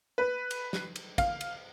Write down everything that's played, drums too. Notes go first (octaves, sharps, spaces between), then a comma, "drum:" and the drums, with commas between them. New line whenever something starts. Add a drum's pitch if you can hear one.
B4
drum: cymbal
drum: snare
drum: cymbal
F5, drum: kick, cymbal
drum: cymbal